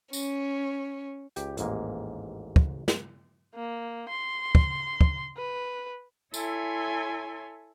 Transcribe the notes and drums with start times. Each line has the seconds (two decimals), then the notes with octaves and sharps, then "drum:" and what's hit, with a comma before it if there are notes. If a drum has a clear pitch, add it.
0.13 C#4, drum: tambourine
1.36 C#2 G4 G5, drum: hi-hat
1.57 A1 D#2 G#2 A#3, drum: hi-hat
2.56 drum: kick
2.88 drum: snare
3.55 A#3
4.09 C6
4.55 drum: kick
5.01 drum: kick
5.37 B4
6.34 E4 A4 C#5 E5 G#5 C6, drum: tambourine